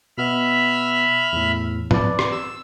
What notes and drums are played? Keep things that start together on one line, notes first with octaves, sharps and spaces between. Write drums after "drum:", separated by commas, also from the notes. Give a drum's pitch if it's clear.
B2 B3 E5 B5 F6
E2 A2
B4 D5, drum: tom
drum: rim click
E6